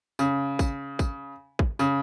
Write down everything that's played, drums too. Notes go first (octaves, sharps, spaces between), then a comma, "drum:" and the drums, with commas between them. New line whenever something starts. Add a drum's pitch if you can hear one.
C#3, drum: tambourine
drum: kick, tambourine
drum: kick, tambourine
drum: kick
C#3, drum: tambourine